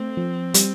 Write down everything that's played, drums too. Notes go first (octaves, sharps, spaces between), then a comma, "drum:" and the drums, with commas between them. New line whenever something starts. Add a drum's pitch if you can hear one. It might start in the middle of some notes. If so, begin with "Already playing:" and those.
Already playing: A3 C4
F3
G3, drum: hi-hat